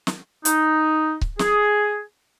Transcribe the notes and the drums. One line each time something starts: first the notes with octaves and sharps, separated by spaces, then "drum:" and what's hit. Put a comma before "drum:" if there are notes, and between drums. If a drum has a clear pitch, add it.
drum: snare
D#4, drum: hi-hat
drum: kick C#1
G#4, drum: snare